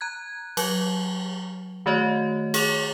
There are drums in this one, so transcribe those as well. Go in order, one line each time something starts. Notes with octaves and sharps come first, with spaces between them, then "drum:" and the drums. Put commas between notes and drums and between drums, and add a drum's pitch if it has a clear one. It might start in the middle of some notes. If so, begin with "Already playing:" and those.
A#5 F#6 G#6
F#3, drum: cymbal
D#3 A3 F#4 C#5 D#5
G#4 C#5 D6 A6 F7, drum: cymbal